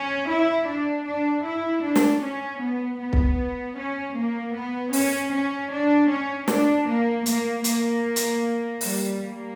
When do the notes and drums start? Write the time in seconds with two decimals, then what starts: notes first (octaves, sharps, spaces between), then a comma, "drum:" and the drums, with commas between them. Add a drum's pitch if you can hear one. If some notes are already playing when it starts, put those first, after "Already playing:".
Already playing: C#4
0.28 E4
0.67 D4
1.05 D4
1.45 E4
1.83 D4
1.96 drum: snare
2.21 C#4
2.61 B3
2.99 B3
3.13 drum: kick B1
3.77 C#4
4.16 A#3
4.54 B3
4.93 C#4, drum: open hi-hat
5.32 C#4
5.71 D4
6.10 C#4
6.48 D4, drum: snare
6.87 A#3
7.26 A#3, drum: hi-hat
7.64 A#3, drum: hi-hat
8.16 drum: hi-hat
8.81 G3, drum: open hi-hat
9.20 A#3